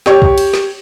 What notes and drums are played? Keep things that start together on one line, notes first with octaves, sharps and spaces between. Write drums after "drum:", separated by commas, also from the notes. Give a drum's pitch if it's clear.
G4 C#5, drum: snare
drum: kick
drum: cymbal
drum: snare